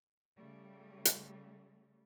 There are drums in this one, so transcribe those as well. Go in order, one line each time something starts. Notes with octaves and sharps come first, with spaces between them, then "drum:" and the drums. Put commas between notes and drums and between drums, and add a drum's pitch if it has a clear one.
C#3 G3 A3
drum: hi-hat